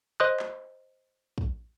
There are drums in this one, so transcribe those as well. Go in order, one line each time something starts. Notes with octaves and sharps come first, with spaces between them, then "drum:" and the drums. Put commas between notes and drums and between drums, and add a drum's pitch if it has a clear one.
C5 D#5 C6 D#6 F#6
drum: clap
drum: kick